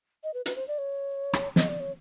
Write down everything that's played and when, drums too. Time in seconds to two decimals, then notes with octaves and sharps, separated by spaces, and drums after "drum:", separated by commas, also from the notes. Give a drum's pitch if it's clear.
0.24 D#5
0.34 B4
0.46 B4, drum: hi-hat
0.56 C5
0.68 D5
0.78 C#5
1.33 drum: rim click
1.56 D#5, drum: snare
1.68 D5
1.80 C#5